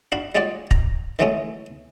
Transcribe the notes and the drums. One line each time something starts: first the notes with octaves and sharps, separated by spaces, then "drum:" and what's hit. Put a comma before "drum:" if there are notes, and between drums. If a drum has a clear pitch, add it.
D4 F#4 F5 B5
G3 G#3 F4 F#4 C#5 D5
A#5, drum: kick
D#3 E3 F#3 G#3 A3 C#4